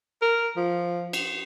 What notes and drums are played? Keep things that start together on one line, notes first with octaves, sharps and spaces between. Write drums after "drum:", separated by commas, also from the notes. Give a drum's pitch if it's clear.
A#4
F3
drum: cymbal